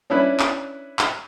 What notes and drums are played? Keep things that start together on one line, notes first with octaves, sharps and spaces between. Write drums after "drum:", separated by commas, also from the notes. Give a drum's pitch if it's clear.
C#4 D4 E4 B4
drum: clap
drum: clap